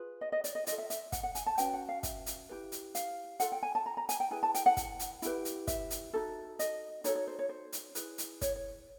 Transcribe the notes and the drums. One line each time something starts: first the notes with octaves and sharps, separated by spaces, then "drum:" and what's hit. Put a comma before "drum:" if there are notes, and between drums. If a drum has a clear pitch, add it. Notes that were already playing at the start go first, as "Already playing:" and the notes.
Already playing: F4 G#4 B4
D#5
D#5
D5, drum: hi-hat
D#5
F4 A4 D#5, drum: hi-hat
E5
E5, drum: hi-hat
F#5, drum: kick, hi-hat
F#5
G#5, drum: hi-hat
A5
C#4 F#4 B4 G5, drum: hi-hat
F#5
F5
E5, drum: kick, hi-hat
drum: hi-hat
E4 G4 B4
drum: hi-hat
F5, drum: hi-hat
F4 A4 F#5, drum: hi-hat
G5
G#5
A5
A#5
A#5
G#5, drum: hi-hat
G5
E4 G#4 B4 G#5
A5
G5, drum: hi-hat
F#5
drum: kick, hi-hat
drum: hi-hat
E4 G4 B4, drum: hi-hat
drum: hi-hat
E5, drum: kick, hi-hat
drum: hi-hat
D#4 F#4 A4
D#5, drum: hi-hat
D#4 F#4 A4 C#5, drum: hi-hat
C#5
C5
C#5
C5
drum: hi-hat
E4 G#4 B4, drum: hi-hat
drum: hi-hat
C#5, drum: kick, hi-hat
C#5